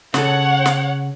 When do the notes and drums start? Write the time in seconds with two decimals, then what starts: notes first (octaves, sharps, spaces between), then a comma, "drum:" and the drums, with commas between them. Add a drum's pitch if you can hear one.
0.14 C#3 A4 C#5 F#5, drum: snare
0.66 drum: snare